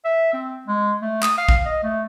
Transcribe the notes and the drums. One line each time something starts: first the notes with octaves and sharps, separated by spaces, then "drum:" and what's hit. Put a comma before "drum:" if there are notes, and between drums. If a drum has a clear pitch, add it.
E5
C4
G#3
A3
D#6, drum: clap
F5
drum: kick A#1
D#5
A3